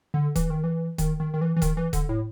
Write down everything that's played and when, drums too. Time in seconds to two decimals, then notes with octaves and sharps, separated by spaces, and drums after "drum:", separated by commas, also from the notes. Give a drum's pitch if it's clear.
0.14 D3
0.36 E3, drum: kick D#1, hi-hat
0.50 D#3
0.64 E3
0.98 D#3, drum: kick D#1, hi-hat
1.20 D#3
1.34 D#3
1.41 E3
1.56 E3
1.62 D#3, drum: kick D#1, hi-hat
1.77 E3
1.93 D3, drum: kick D#1, hi-hat
2.09 A2